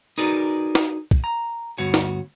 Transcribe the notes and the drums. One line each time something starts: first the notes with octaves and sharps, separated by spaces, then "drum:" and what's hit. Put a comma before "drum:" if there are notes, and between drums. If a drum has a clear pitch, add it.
D#4 F#4 G#4 A#4 B4 D5
drum: snare
drum: kick B1
A#5
D2 G2 B3 F#4 C#5
drum: snare